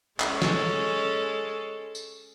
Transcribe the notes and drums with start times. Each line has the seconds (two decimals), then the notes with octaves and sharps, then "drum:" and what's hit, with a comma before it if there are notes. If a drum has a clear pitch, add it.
0.20 G#3 C#4 A4, drum: clap
0.42 drum: snare
1.95 drum: tambourine